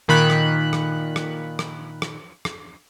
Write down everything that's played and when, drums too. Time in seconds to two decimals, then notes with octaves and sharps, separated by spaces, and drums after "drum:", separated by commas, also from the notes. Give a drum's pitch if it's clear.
0.08 A#2 D#3 B5 F#6
0.30 drum: rim click
0.73 drum: rim click
1.16 drum: rim click
1.59 drum: rim click
2.02 drum: rim click
2.45 drum: rim click